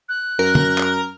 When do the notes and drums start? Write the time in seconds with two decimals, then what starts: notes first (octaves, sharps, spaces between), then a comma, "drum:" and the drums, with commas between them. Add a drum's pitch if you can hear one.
0.09 F#6
0.39 F#2 A#4
0.55 drum: tom
0.78 drum: clap